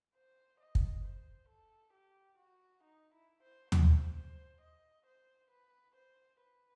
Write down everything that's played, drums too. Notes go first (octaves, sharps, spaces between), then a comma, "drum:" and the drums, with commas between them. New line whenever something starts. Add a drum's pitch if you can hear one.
C5
D#5
drum: kick
C5
A4
G4
F#4
D#4
E4
C5
C5, drum: tom D#2
C5
D#5
C5
B4
C5
B4